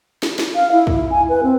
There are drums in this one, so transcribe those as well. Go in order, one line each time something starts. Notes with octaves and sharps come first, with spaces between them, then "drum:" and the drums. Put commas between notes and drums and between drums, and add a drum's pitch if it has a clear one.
drum: snare
drum: snare
F5
E4
drum: kick
G#5
B4
C4